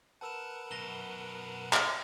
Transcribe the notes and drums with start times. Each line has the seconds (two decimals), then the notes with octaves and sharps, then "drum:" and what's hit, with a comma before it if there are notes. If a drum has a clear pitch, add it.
0.21 A#4 B4 F#5 A5 E6 E7
0.71 F#2 B2 A#6 F7 G7
1.73 drum: clap